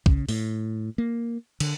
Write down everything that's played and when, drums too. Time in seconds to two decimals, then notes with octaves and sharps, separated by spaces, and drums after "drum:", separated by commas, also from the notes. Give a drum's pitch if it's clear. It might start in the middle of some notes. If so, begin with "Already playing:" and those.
0.06 C#3, drum: kick
0.29 A2, drum: open hi-hat
0.98 A#3
1.60 D3, drum: cymbal